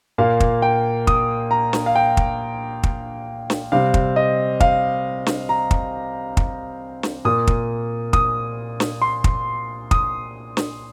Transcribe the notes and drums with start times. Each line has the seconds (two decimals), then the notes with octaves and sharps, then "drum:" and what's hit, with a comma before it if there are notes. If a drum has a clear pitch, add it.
0.18 A#2 A#3 F5
0.40 drum: kick
0.62 G5
1.07 D#6, drum: kick
1.51 A#5
1.73 drum: snare
1.86 F5
1.96 G5
2.17 drum: kick
2.83 drum: kick
3.50 drum: snare
3.72 C3 G3 C4 F5
3.94 drum: kick
4.16 D#5
4.60 F5, drum: kick
5.26 drum: snare
5.49 A#5
5.71 drum: kick
6.37 drum: kick
7.03 drum: snare
7.25 A#2 A#3 D#6
7.47 drum: kick
8.13 D#6, drum: kick
8.80 drum: snare
9.02 C6
9.24 drum: kick
9.91 D#6, drum: kick
10.57 drum: snare